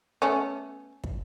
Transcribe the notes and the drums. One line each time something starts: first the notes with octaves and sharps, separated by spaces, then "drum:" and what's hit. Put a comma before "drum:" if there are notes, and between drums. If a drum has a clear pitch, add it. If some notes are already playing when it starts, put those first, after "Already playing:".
A3 B3 C#4
drum: kick